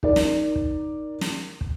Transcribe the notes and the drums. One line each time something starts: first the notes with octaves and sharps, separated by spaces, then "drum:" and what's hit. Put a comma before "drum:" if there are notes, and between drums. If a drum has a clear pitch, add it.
D#4 A#4 D5, drum: kick
drum: snare
drum: kick
drum: snare
drum: kick